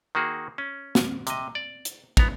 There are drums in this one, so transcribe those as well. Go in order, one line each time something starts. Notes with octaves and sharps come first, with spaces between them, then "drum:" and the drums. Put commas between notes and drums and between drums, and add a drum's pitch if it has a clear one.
D#3 A#3 F#4 G#4
C#4
drum: snare
C3 D#5, drum: hi-hat
D5
drum: hi-hat
B3 A#5, drum: kick